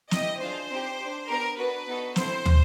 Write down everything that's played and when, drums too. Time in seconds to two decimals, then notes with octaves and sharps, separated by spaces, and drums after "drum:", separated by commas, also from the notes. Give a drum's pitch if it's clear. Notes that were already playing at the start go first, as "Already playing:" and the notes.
0.11 B3 E4 G4 D#5, drum: snare
0.40 D4 F4 G#4 C5
0.70 C4 D#4 G4
0.99 G4
1.04 D4
1.28 B3 D4 G4 A#4
1.58 B3 D4 F#4 B4
1.87 B3 D#4 F#4 A4
2.16 C4 E4 A4 C5, drum: snare
2.46 drum: tom